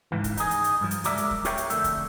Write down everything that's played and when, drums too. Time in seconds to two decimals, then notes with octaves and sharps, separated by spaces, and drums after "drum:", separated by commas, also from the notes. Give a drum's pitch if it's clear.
0.12 C#2 G#2 D#3 E3
0.24 drum: kick, hi-hat
0.37 D#4 G#4, drum: hi-hat
0.51 drum: hi-hat
0.64 drum: hi-hat
0.81 G2 F3
0.91 drum: hi-hat
1.04 C#2 F#3 G#3 A#4 D5 E5, drum: hi-hat
1.17 drum: hi-hat
1.31 drum: kick
1.45 F4 G#4 A#4 C#5 E5 G5, drum: hi-hat
1.58 drum: hi-hat
1.70 F2 D3 A3 E5, drum: hi-hat
1.84 drum: kick, hi-hat